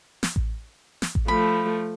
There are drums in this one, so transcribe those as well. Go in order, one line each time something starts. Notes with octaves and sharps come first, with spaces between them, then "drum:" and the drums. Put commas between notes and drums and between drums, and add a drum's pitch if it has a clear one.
drum: snare
drum: kick A1
drum: snare
drum: kick A1
F3 A3 B5